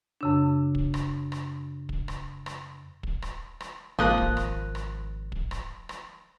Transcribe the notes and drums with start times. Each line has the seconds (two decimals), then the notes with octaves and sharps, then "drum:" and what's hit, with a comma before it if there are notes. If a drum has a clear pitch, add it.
0.21 F#2 C#3 D4
0.75 drum: kick
0.94 drum: rim click
1.32 drum: rim click
1.89 drum: kick
2.08 drum: rim click
2.46 drum: rim click
3.03 drum: kick
3.22 drum: rim click
3.60 drum: rim click
3.99 G#1 F3 A#3 A#4 D#6 F#6 A#6
4.18 drum: kick
4.37 drum: rim click
4.75 drum: rim click
5.32 drum: kick
5.51 drum: rim click
5.89 drum: rim click